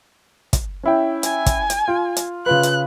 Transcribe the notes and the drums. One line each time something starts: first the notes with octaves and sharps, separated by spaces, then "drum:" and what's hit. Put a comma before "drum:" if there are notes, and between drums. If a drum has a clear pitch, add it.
drum: kick, hi-hat
C#4 E4 G5
G#5, drum: hi-hat
drum: kick, hi-hat
drum: hi-hat
F4
drum: hi-hat
C#3 F4 B4 F#6
drum: hi-hat